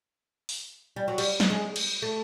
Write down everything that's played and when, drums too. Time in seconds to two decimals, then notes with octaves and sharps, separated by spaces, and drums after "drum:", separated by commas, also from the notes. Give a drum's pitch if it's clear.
0.49 drum: open hi-hat
0.96 G3
1.08 F#3
1.18 G3, drum: cymbal
1.40 drum: snare
1.50 G#3
1.76 drum: cymbal
2.02 A3